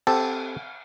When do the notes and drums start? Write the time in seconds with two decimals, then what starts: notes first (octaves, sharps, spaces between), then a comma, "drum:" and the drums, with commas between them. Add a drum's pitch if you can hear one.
0.07 C4 G4 A4 A5, drum: cymbal